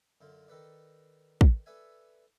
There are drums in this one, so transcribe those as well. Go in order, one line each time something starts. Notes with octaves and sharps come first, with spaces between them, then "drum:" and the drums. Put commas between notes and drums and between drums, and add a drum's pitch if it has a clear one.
F#2 D3 F4
D#3 A4 B4 D5
drum: kick
A4 B4 D5 E5 G#5